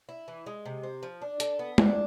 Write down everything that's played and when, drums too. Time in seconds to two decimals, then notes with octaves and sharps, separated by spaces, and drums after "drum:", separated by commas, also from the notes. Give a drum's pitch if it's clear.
0.09 E4
0.28 E3
0.46 G#3
0.66 C3
0.83 C4
1.03 F3
1.22 D4
1.40 A4, drum: hi-hat
1.59 B3
1.78 D4, drum: tom G#3